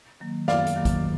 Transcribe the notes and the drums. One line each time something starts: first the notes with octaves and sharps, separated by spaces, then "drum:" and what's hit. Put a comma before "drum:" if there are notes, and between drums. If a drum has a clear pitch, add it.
D#3 F#3 A#3
F#2 D5 F5, drum: snare
drum: hi-hat
D#3 F#3 A#3
drum: kick G#1, hi-hat